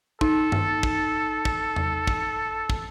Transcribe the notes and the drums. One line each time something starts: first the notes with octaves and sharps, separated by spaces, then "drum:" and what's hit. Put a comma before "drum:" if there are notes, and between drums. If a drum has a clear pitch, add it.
D#4 A4, drum: kick
drum: tom G2
drum: kick
drum: kick
drum: tom E2
drum: kick
drum: kick